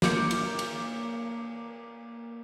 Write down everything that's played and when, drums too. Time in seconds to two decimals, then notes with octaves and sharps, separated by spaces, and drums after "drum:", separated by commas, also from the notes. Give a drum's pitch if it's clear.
0.02 A#3 D6 G6 C#7, drum: snare
0.31 drum: cymbal
0.59 drum: cymbal